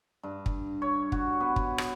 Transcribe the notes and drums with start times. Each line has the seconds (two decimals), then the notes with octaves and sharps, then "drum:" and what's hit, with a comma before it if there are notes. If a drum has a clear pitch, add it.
0.23 G2
0.46 drum: kick
0.82 C#5
1.12 F#4, drum: kick
1.40 B3
1.56 drum: kick
1.78 drum: rim click